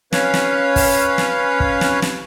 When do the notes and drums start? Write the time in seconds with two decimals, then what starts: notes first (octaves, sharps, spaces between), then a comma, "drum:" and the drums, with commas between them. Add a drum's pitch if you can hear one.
0.13 C#4 B4 C#5 F5, drum: snare
0.34 drum: snare
0.76 drum: kick, open hi-hat
1.18 drum: snare
1.60 drum: kick
1.81 drum: snare
2.02 drum: snare